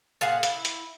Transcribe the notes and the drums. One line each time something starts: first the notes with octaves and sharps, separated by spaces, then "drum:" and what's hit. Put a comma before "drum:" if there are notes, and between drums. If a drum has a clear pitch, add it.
A#2 G#4 F5 F#5
E4, drum: hi-hat
drum: hi-hat